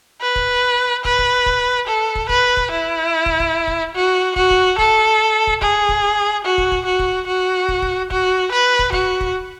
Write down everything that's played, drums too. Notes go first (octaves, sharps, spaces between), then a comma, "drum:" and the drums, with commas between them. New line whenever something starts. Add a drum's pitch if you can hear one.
B4
drum: kick
B4, drum: kick
drum: kick
drum: kick
A4
drum: kick
B4, drum: kick
drum: kick
E4
drum: kick
drum: kick
drum: kick
F#4
F#4, drum: kick
drum: kick
A4, drum: kick
drum: kick
G#4, drum: kick
drum: kick
F#4
drum: kick
drum: kick
F#4
drum: kick
F#4
drum: kick
drum: kick
F#4, drum: kick
B4
drum: kick
F#4, drum: kick
drum: kick